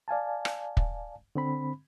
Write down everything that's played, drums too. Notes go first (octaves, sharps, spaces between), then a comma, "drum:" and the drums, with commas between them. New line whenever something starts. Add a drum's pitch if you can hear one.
D5 F5 G#5 A5
drum: rim click
drum: kick
D3 C4 B5